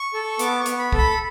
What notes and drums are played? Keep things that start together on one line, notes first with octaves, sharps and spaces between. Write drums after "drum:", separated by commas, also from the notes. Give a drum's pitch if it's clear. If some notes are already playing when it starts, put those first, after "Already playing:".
Already playing: C#6
A4
B3 D6, drum: hi-hat
C#6
B3, drum: hi-hat
B5
A4, drum: kick
B5